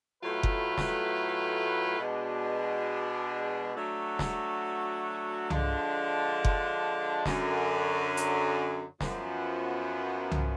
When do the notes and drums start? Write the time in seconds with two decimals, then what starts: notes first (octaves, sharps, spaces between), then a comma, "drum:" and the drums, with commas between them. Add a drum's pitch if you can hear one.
0.23 A2 F#3 A3 F4 B4
0.43 drum: kick F#1
0.78 drum: snare
1.99 B2 G#3 D4
3.74 F#3 A3 D4 F#4
4.19 drum: snare
5.50 D3 F3 G#3 D4, drum: tom C2
6.45 drum: kick F#1
7.26 F#2 D3 F#3, drum: snare
8.17 drum: hi-hat
9.01 F#2 F3 B3, drum: snare
10.31 drum: tom C2